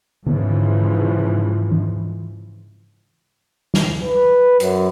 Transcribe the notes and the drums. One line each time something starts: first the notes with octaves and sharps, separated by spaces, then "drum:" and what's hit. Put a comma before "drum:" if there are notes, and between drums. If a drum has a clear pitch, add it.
G#2 C#3 E3 F3, drum: tom D3
drum: tom E3
drum: snare
B4
F#2, drum: hi-hat